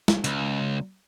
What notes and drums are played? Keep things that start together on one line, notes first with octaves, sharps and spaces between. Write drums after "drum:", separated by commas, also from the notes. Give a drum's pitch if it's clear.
drum: snare
C#2, drum: hi-hat